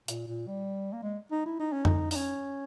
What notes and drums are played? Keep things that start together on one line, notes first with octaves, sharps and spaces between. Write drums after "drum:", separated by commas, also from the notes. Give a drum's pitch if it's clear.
A#2, drum: hi-hat
A#2
G3
A#3
G#3
D#4
E4
D#4
C#4
D#4, drum: tom F2
D#4, drum: open hi-hat
C#4